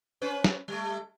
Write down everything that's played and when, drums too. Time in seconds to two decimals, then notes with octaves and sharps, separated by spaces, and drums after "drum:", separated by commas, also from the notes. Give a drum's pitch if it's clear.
0.22 C#4 B4 C5
0.44 drum: snare
0.68 G3 A3